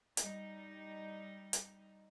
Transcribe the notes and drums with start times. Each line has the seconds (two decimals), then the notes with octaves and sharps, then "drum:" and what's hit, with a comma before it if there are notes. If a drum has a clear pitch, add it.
0.17 G3 D#4, drum: hi-hat
1.53 drum: hi-hat